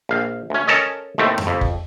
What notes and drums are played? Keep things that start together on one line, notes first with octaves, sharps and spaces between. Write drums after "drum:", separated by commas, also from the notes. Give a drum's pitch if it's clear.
A#1 F5
D2 C#4
C#4 A4 A#4 C#5 D#5
D#2 A2 A3 C4
drum: tom F2
F2
drum: kick F1